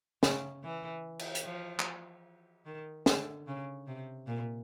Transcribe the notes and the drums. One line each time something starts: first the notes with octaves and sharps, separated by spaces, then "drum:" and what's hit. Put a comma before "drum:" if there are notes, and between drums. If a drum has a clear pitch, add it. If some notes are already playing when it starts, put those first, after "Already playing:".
C#3, drum: snare
E3
drum: cymbal
drum: hi-hat
F3
drum: clap
D#3
D3, drum: snare
C#3
C3
A#2